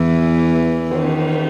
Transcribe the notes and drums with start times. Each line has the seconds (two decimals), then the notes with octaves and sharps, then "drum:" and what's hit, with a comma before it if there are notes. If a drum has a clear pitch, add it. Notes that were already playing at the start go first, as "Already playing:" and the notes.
Already playing: E2 E3
0.91 D#3, drum: cymbal